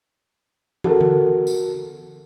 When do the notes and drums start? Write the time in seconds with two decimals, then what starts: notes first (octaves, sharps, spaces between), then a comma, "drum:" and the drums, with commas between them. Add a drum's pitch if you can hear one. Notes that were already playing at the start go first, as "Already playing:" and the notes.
0.84 F#4 A4 A#4, drum: tom
1.01 drum: tom D3
1.47 drum: tambourine